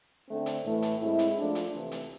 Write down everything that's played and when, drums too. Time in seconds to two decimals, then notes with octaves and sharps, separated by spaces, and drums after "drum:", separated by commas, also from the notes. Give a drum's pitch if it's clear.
0.27 D3 A3 C4
0.46 drum: hi-hat
0.64 A2 E3 A3
0.82 drum: hi-hat
1.00 A2 G#3 C4 E4
1.19 drum: hi-hat
1.37 F3 A3 D4
1.55 drum: hi-hat
1.74 C3 E3 A3
1.91 drum: hi-hat